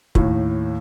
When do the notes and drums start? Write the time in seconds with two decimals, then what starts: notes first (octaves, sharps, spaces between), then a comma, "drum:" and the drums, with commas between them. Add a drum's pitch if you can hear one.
0.15 D#2 A2, drum: kick